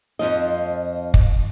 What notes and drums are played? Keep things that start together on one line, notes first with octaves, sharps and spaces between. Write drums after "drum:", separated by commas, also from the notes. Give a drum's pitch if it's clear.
F2 G#2 F3 D#5
drum: kick